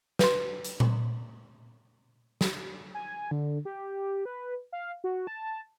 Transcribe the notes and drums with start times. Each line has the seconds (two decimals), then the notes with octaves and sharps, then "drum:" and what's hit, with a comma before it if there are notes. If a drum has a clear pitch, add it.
0.19 B4 C6, drum: snare
0.64 drum: hi-hat
0.80 drum: tom A#2
2.41 drum: snare
2.94 G#5
3.31 D3
3.65 G4
4.25 B4
4.73 F5
5.04 F#4
5.27 A5